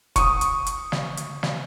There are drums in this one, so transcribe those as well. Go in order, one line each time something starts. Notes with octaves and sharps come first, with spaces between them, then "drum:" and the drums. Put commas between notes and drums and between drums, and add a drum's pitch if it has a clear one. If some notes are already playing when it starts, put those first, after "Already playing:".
C#6 D#6, drum: kick F1, hi-hat
drum: hi-hat
drum: hi-hat
drum: snare
drum: hi-hat
drum: snare